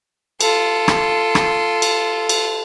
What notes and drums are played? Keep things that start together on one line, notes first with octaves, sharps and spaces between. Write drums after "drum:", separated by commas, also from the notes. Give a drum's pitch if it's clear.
F4 A4, drum: cymbal
drum: rim click
drum: rim click
drum: cymbal
drum: cymbal